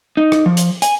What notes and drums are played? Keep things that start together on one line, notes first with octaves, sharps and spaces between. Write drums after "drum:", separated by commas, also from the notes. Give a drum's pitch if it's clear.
D#4
drum: rim click
F3
drum: hi-hat
G#5, drum: hi-hat